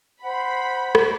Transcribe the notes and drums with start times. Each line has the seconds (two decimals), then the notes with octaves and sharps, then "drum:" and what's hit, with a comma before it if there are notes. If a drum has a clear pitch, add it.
0.24 C5 F#5 B5
0.95 drum: rim click